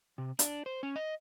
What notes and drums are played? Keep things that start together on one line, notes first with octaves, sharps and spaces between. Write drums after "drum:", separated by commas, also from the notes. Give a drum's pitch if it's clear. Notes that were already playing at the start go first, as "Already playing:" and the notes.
C3
D4, drum: hi-hat
C5
C#4
D#5